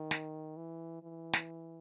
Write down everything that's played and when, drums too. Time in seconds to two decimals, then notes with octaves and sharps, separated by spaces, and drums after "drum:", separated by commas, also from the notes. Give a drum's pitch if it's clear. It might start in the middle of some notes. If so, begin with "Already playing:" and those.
Already playing: D#3
0.11 drum: snare
0.57 E3
1.03 E3
1.33 drum: snare